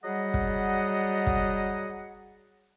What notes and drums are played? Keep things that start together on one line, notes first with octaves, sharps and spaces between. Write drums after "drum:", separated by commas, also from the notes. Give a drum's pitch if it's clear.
F#3 G3 G#4 D#5 F#5
drum: kick
drum: kick